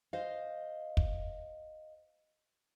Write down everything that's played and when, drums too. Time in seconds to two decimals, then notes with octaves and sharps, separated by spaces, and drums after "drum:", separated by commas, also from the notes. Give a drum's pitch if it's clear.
0.13 C5 D#5 F5
0.97 drum: kick